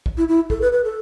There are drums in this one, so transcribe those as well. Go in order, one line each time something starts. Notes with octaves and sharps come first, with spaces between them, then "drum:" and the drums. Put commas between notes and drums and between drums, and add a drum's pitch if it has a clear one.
drum: kick
E4
E4
A4, drum: kick
B4
B4
A4